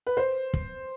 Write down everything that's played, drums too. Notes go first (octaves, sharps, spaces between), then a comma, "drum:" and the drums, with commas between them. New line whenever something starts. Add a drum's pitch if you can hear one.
B4
C5
drum: kick